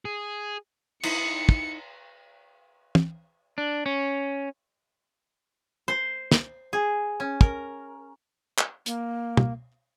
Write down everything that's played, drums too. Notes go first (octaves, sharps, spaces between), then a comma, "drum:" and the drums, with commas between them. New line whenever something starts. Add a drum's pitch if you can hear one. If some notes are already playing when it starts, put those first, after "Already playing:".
G#4
D#4 E4 C#7, drum: cymbal
drum: kick
drum: tom
D4
C#4
C5
drum: snare
G#4
C#4
A#4, drum: kick
drum: clap
A#3, drum: hi-hat
drum: tom